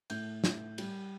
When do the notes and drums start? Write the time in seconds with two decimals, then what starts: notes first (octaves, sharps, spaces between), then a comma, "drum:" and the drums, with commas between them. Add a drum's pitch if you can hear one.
0.10 A2 G6, drum: cymbal
0.44 A2, drum: snare
0.78 G3, drum: cymbal